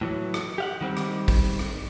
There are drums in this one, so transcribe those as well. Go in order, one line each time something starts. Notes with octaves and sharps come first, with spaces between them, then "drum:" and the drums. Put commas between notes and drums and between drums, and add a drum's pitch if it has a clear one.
A2 E3 F#3
drum: rim click
G4 F5 F#5
D#3 G3 C4
drum: rim click
drum: kick, open hi-hat
drum: rim click